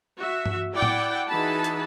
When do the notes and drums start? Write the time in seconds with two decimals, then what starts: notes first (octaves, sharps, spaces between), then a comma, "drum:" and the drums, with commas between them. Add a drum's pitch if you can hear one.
0.19 F#4 E5
0.46 drum: tom G2
0.73 E4 D5 F#5 G5
0.82 drum: tom A2
1.27 E3 D#4 F#4 G#4 A5 B5
1.64 drum: hi-hat